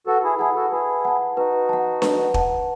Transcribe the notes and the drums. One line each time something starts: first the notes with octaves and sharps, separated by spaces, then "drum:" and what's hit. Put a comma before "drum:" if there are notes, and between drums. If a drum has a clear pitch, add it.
F#4 A4 B4
E4 G#4
E4 G#4 F#5 A5
F#4 A4
E4 G#4 B4
F#5 A5
D#4 F#4 B4
F#5 A5
B4, drum: snare D4
F#5 A5, drum: kick